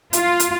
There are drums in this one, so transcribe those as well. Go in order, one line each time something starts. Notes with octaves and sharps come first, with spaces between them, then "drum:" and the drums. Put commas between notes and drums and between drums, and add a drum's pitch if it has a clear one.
F4, drum: hi-hat
drum: hi-hat